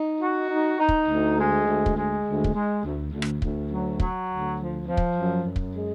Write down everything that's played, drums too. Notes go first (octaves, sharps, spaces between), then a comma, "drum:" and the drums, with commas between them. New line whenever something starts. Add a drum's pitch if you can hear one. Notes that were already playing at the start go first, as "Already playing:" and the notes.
Already playing: D#4
F#4
D#4
D#4
drum: kick
D2
G#3
D2
drum: kick
G#3
D2
drum: kick
G#3
D2
D2
drum: rim click
D2, drum: kick
F#3
F#3, drum: kick
D2
F3
F3
drum: kick
F#2
F#2
drum: kick
G#3